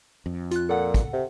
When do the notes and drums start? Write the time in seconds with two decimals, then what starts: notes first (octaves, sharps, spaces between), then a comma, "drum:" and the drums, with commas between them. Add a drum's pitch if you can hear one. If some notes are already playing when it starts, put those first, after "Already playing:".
0.26 F2
0.51 F4 F#6, drum: hi-hat
0.69 A#2 A4 F#5
0.94 drum: kick, hi-hat
1.13 C3